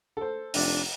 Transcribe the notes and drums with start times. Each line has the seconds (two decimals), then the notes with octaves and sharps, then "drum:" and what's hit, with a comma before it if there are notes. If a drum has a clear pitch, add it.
0.17 A4 C5
0.54 F1 D4, drum: open hi-hat